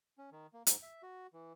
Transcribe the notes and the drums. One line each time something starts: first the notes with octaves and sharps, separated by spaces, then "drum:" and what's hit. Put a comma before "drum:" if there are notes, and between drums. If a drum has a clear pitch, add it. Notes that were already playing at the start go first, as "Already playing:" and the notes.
C#4
D#3
A#3
G#2, drum: hi-hat
E5
F#4
E3